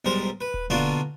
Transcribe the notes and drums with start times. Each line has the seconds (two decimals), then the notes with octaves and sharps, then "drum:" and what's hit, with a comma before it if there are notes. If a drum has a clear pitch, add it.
0.05 B1 G#2 G3 A#4 C5
0.41 B4
0.54 drum: kick D#1
0.70 B2 D3 A#3 D4 F4 F#4